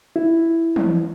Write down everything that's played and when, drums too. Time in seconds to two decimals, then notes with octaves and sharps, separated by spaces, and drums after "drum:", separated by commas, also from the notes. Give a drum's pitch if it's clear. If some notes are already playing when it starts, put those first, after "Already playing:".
0.16 E4
0.76 drum: tom